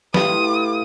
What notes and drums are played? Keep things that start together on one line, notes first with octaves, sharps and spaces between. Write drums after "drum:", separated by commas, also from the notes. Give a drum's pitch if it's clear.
A2 F4 G4 B4 B5 D#6, drum: snare